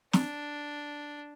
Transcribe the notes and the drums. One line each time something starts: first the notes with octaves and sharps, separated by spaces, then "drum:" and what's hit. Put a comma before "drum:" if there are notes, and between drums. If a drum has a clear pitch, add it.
D4, drum: snare